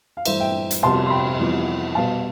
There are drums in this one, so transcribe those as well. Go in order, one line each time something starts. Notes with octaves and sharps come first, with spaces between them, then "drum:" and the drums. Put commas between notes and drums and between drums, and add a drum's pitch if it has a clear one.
F5
G2 E3 A3 C5 E5, drum: cymbal
E5 G5
drum: hi-hat
F2 C3 G3 B3 A5 C6, drum: cymbal
C6
G5 B5
F2 E3 G3 B3
B2 G3 B3 F5 A5